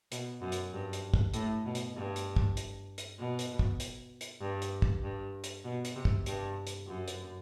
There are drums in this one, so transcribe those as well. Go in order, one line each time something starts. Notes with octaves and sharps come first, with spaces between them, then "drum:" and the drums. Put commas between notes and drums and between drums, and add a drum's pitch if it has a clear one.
B2, drum: hi-hat
F#2
drum: hi-hat
G2
drum: hi-hat
drum: kick
A2, drum: hi-hat
B2
drum: hi-hat
G2
drum: hi-hat
drum: kick
drum: hi-hat
drum: hi-hat
B2
drum: hi-hat
drum: kick
drum: hi-hat
drum: hi-hat
G2
drum: hi-hat
drum: kick
G2
drum: hi-hat
B2
drum: hi-hat
C3
drum: kick
G2, drum: hi-hat
drum: hi-hat
F#2
drum: hi-hat